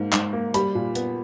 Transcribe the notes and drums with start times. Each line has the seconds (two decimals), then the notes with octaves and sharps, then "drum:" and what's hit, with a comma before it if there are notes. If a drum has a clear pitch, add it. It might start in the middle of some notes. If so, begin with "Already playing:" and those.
Already playing: G#2 A#3
0.13 G#2, drum: clap
0.33 A#3
0.54 G3 B5, drum: hi-hat
0.75 A#2
0.95 B3, drum: hi-hat